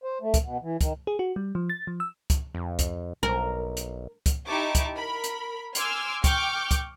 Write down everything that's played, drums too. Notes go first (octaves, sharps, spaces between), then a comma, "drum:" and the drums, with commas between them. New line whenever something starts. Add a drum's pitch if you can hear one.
C5
A3
drum: kick, hi-hat
B2
E3
D#3, drum: kick, hi-hat
G#4
F#4
G3
F3
A6
F3
E6
drum: kick, hi-hat
F2
drum: kick, hi-hat
B1 A#4
drum: hi-hat
drum: kick, hi-hat
D#4 E4 G4 A5 C#6 D6
drum: kick, hi-hat
A#4 B5
drum: hi-hat
G#5 C6 D6 E6 F6 G#6, drum: hi-hat
G5 C#6 D6 F6 G6, drum: kick, hi-hat
drum: kick, hi-hat